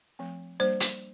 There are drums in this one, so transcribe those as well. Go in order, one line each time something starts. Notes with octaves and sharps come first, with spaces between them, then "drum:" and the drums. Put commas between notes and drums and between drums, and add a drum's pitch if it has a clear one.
F3 A3 C4
G3 A#3 D4 C5
drum: hi-hat